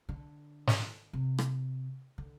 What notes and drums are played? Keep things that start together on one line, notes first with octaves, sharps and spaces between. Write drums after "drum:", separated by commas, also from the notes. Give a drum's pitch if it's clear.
D3
drum: snare
C3
drum: rim click
D3